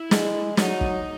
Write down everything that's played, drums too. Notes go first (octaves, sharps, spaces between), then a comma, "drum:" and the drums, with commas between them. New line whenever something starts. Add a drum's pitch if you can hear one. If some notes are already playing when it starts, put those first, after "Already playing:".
Already playing: E4
G#3, drum: snare
F#3 D#4, drum: snare
drum: kick